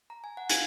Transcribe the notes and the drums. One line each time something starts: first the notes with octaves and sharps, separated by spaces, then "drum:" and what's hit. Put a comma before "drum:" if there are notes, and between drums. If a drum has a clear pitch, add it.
A#5
G#5
F#5
F5 G#5, drum: hi-hat